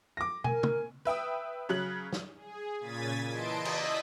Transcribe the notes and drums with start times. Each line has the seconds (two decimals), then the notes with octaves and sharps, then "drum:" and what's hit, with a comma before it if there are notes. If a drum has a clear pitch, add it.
0.17 D6 A#6
0.44 A#4 G#5, drum: tom
0.63 drum: tom
1.05 B4 E5 G5 D#6
1.69 C#3 F#3 F#6 F#7
2.13 drum: snare
2.36 G#4
2.80 A#2 C#3 G#6 A6 B6 D#7
3.30 E3 D#5 A5 C6 D7
3.65 D5 D#5 D#6 E6 B6, drum: cymbal